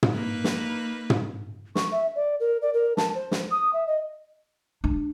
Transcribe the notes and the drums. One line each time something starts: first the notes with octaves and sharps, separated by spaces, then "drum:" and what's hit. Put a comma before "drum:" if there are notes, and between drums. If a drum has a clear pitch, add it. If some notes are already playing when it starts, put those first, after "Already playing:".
drum: tom
A#3 D#4 B4
drum: snare
drum: tom
C#6, drum: snare
E5
D5
A#4
D5
A#4
A5, drum: snare
C5
drum: snare
D#6
E5
D#5
D4